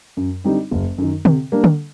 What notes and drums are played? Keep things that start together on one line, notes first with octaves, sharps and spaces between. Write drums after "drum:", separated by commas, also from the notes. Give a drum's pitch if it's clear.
F#2
D3 G3 C4 D#4
F#1
F#2 D#3
C3, drum: tom D3
G3 A#3 D4
drum: tom D3